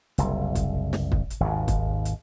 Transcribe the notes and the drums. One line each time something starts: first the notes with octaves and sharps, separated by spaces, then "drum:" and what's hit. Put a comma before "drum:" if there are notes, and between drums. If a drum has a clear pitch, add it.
F#1 C2, drum: hi-hat
drum: kick, hi-hat
drum: snare
drum: kick
drum: hi-hat
G#1 D#2
drum: kick, hi-hat
drum: hi-hat